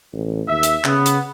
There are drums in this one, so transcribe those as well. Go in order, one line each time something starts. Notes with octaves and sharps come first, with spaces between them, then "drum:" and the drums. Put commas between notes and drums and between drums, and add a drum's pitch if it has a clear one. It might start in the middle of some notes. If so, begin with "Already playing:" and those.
A1
D#2 E5
drum: hi-hat
C#3 B3, drum: clap
drum: hi-hat